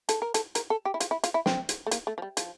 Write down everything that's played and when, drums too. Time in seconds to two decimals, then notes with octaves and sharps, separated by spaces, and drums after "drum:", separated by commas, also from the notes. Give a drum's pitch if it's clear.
0.09 A4, drum: hi-hat
0.22 A#4
0.34 A4, drum: hi-hat
0.55 A#4, drum: hi-hat
0.70 A4
0.85 G4
0.94 E4
1.00 F4, drum: hi-hat
1.11 E4
1.24 F4, drum: hi-hat
1.34 E4
1.46 C4, drum: snare
1.69 drum: hi-hat
1.86 A3
1.91 A#3, drum: hi-hat
2.07 A3
2.18 F3
2.22 G3
2.37 F3, drum: hi-hat